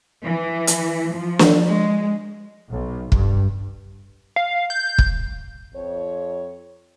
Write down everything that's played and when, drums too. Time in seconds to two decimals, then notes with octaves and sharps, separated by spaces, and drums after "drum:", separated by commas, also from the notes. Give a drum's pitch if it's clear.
0.24 E3
0.67 drum: hi-hat
1.14 F3
1.39 drum: snare
1.67 G#3
2.72 B1
3.12 G2, drum: kick
4.36 F5
4.70 G6
4.98 drum: kick
5.75 F2 C#5